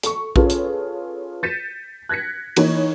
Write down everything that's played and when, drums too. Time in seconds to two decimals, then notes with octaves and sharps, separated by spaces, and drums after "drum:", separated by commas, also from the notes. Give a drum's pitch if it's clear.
0.03 A4 C#6, drum: hi-hat
0.36 C#4 F4 G#4 A4 B4 C#5, drum: kick A#1
0.50 drum: hi-hat
1.43 G6 A6 B6 C#7 D#7 E7
2.09 F#6 G#6 A#6 B6 C#7
2.56 E3 A#3 D#4 C#5, drum: cymbal